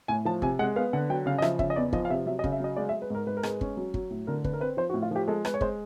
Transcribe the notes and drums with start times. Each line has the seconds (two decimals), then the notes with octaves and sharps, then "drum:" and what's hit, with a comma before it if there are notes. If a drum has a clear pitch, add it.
0.08 A2 G#5
0.25 F3 A5
0.42 C3 G#5, drum: kick
0.59 G#3 F#5
0.76 B3 F5
0.93 D3 F#5
1.09 F#3 G5
1.26 C#3 F5
1.38 D#5
1.42 F3 E5, drum: rim click
1.59 C#3 E5, drum: kick
1.70 D#5
1.76 E2 D5
1.93 F3 D#5, drum: kick
2.05 F5
2.10 C3 E5
2.26 F#3 E5
2.39 D#5
2.44 C#3, drum: kick
2.52 E5
2.60 F#3 D#5
2.76 G#3 D5
2.89 E5
2.93 G#3
3.02 B4
3.10 G#2 A#4
3.26 G#2 B4
3.37 A#4
3.43 G#3 B4, drum: rim click
3.61 C#4, drum: kick
3.77 F#3
3.94 F#3, drum: kick
4.10 A2
4.27 D3 A#4
4.44 D3 B4, drum: kick
4.53 A#4
4.60 C4 B4
4.77 F3 C5
4.90 F#4
4.94 A2
5.02 F4
5.11 F3 G4
5.28 G#3 A4
5.45 G#3 B4, drum: rim click
5.54 C#5
5.61 G#3 C5, drum: kick